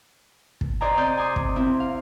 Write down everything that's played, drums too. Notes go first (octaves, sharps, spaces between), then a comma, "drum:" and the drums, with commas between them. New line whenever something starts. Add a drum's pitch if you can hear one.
drum: kick
C5 D5 D#5 G#5 A#5
C3 D5 D#6 G6
G#5 C6 D6 D#6
drum: kick
C4 E4
F5